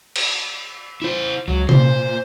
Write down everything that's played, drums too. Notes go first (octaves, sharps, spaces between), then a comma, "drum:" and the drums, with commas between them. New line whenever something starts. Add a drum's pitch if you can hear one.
drum: cymbal
E4 C5
C#2 F#3
A#2 C5, drum: tom C3